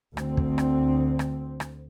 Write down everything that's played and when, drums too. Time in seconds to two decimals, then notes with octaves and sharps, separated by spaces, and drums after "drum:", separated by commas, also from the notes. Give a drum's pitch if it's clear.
0.17 D2 D3 C4, drum: rim click
0.37 drum: kick
0.58 drum: rim click
1.19 drum: rim click
1.60 drum: rim click